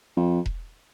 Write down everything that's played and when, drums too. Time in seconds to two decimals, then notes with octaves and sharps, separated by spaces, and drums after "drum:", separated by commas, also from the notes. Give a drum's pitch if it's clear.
0.17 F2
0.46 drum: kick E1